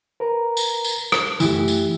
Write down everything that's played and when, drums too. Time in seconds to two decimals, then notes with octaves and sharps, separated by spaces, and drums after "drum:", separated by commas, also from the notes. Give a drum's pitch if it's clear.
0.20 A#4 B4 A#5
0.57 drum: tambourine
0.85 drum: tambourine
1.12 drum: rim click
1.40 F#2 E3 A3 E4 G4 E6, drum: tambourine
1.68 drum: tambourine